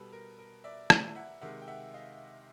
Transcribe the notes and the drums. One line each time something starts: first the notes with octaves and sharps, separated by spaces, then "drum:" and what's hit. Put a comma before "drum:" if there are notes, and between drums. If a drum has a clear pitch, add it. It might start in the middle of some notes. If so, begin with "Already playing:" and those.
Already playing: B2 G3 A4 B4
A#4
A#4
D5 E5
drum: rim click
E5 F#5
C3 D#3 G#3 E5 F#5
G5
E5 F#5
D#5 F5